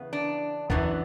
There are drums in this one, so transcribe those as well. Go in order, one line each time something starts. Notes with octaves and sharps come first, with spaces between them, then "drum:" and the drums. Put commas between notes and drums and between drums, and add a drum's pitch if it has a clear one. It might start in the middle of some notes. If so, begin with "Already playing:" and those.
Already playing: E2 C#3 B3
D4
F#2 E3 B3 D4, drum: kick